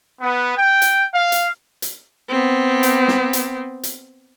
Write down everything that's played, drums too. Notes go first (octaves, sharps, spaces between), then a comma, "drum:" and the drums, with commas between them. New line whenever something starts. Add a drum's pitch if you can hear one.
B3
G5
drum: hi-hat
F5
drum: hi-hat
drum: hi-hat
B3 C4
drum: hi-hat
drum: snare
drum: hi-hat
drum: hi-hat